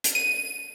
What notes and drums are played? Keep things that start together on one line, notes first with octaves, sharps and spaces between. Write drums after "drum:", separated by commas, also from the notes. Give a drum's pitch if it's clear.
drum: hi-hat
D#7